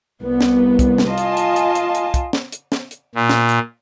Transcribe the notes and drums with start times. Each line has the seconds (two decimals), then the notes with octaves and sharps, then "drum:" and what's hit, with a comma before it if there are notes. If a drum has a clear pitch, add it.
0.21 C2 B3
0.41 drum: snare
0.79 drum: kick, hi-hat
0.98 drum: snare
1.08 F4 D#5 G#5 A5
1.18 drum: hi-hat
1.37 drum: hi-hat
1.56 drum: hi-hat
1.75 drum: hi-hat
1.95 drum: hi-hat
2.14 drum: kick, hi-hat
2.33 drum: snare
2.52 drum: hi-hat
2.72 drum: snare
2.91 drum: hi-hat
3.15 A#2
3.30 drum: snare
3.49 drum: hi-hat